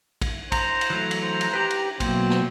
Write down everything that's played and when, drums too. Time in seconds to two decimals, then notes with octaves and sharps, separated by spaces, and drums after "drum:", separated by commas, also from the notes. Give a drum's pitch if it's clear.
0.21 drum: kick, cymbal
0.52 C5 A#5, drum: kick, cymbal
0.81 drum: cymbal
0.90 E3 F#3 A3
1.11 drum: cymbal
1.23 C5
1.41 drum: cymbal
1.53 G4 B4 G5
1.70 drum: cymbal
2.00 B2 F#3 A#3 C4, drum: kick, cymbal
2.30 drum: snare